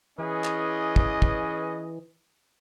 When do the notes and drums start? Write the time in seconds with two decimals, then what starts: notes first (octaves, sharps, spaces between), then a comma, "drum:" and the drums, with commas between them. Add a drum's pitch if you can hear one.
0.18 E3 C#4 G#4 B4 D#5
0.44 drum: clap
0.96 drum: kick
1.22 drum: kick